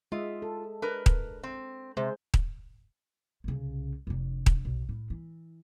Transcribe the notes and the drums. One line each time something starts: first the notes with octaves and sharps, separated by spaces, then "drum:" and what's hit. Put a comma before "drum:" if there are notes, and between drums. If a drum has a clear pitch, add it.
G#3 F4 D#5 E5
A4
D4 A#4 B4
drum: kick D#1
C4
C3 G#3 G#4 C5
drum: kick D#1
C2 C#3
F1 D4
drum: kick D#1
B1
A2
E3